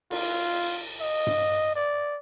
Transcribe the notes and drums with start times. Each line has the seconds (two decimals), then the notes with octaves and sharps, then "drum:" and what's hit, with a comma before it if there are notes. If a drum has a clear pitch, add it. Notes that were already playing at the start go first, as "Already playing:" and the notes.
0.11 F4, drum: cymbal
1.00 D#5
1.27 drum: tom G2
1.75 D5